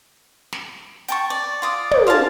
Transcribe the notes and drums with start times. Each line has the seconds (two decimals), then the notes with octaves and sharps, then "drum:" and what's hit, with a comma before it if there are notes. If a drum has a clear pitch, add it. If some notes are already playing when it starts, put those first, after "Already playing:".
0.53 drum: snare
1.08 G5 A5 C#6, drum: hi-hat
1.30 D5
1.62 F4 D5 D#6
1.91 drum: tom
2.07 C5 F5 G#5 A5